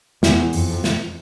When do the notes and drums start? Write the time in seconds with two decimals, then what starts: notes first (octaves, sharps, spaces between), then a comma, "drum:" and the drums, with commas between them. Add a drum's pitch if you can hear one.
0.23 E2, drum: snare
0.53 F2, drum: open hi-hat
0.84 drum: snare